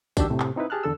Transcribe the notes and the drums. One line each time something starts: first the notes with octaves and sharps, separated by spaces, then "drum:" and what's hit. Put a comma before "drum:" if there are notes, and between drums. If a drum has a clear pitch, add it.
C#2 D#3 D4 F#4 G4 E6, drum: kick, tambourine
A2 C3 A3
drum: clap
C4 D#4 E4 B4
G4 G#4 A5 F6 F#6
E2 D3 A4 E6